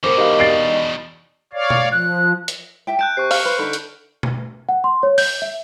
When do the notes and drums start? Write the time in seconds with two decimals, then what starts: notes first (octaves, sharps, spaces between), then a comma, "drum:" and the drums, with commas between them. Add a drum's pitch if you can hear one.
0.04 E2 B2 A#4 C5 D6
0.18 D#4 G4 A#4 F5
0.39 D5 A6 C7 D7
1.53 C#5 D5 F5
1.70 drum: tom B2
1.92 F3 F#6
2.48 drum: hi-hat
2.87 G4 E5 G5
2.99 A5 F#6 G6 D7
3.17 C3 C#6 G6 C7
3.31 F5 F6 C#7, drum: open hi-hat
3.45 B4 C5
3.59 D3 D#4 B4
3.73 drum: hi-hat
4.23 drum: tom B2
4.69 F#5
4.84 C6
5.03 C#5
5.18 G6, drum: open hi-hat
5.42 E5